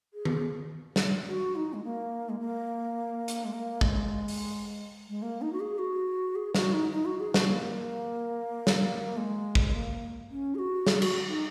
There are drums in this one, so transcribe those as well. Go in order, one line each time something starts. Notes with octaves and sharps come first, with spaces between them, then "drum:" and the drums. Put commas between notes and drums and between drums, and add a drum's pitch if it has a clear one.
G#4
drum: tom D#3
drum: snare
F#4
D#4
G#3
A#3
G#3
A#3
drum: hi-hat
G#3
A#3
G#3, drum: kick
drum: open hi-hat
G#3
A#3
D#4
F#4
G#4
F#4
G#4
F#4, drum: snare
D#4
D#4
F#4
G#4
F#4, drum: snare
A#3
drum: snare
G#3
drum: kick
A#3
C#4
G#4
F#4
G#4, drum: snare
F#4, drum: cymbal
D#4